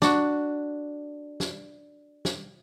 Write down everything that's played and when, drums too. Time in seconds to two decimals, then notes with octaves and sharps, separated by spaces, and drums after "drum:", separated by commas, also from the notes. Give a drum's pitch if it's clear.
0.02 D4 F#4, drum: snare
1.40 drum: snare
2.25 drum: snare